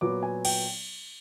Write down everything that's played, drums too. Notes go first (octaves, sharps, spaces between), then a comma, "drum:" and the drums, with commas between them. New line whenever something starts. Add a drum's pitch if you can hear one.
A#2 F#3 B3 D6
G#5
G5, drum: cymbal